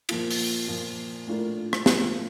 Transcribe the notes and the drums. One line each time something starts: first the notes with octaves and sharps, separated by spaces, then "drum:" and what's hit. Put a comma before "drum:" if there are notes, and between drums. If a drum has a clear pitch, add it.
A#2 F3 A#3 F4, drum: cymbal
drum: open hi-hat
A#2 F3 A#3
A2 A3 D4 F4 A#4
drum: rim click
A2 F3 A#3 F4, drum: snare